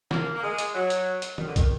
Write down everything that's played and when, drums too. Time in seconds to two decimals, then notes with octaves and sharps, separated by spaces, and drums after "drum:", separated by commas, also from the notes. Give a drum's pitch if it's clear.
0.11 A#3, drum: snare
0.35 A#3
0.43 G#3
0.58 drum: hi-hat
0.74 F#3
0.90 drum: hi-hat
1.22 drum: hi-hat
1.38 D#3, drum: tom D#3
1.47 D3
1.56 D#3, drum: kick, hi-hat